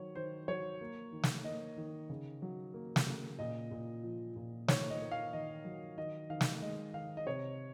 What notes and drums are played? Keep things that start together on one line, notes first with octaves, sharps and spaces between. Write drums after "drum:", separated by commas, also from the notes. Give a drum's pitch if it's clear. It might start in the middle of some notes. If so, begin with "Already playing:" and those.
Already playing: D#3 F#3 C#5
D#3 C5
F#3 C#5
A#3
D#3
drum: snare
A#3 D#5
D#3
C#3
F#3
A#3
drum: snare
C#3
A#2 D#5
A#2
F3
A#2
D#3 C#5, drum: snare
D#5
A#3
F5
D#3 D#5
F#3
D#3 D#5
D#3 F5
drum: snare
G#3 D#5
D#3 F5
D#5
C3 C#5